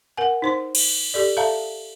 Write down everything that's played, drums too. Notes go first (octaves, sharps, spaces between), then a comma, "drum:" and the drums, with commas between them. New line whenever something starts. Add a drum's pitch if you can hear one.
A#4 F#5 G#5
D#4 C5 C6
drum: cymbal
G4 A4 D5
A4 E5 F5 A5 A#5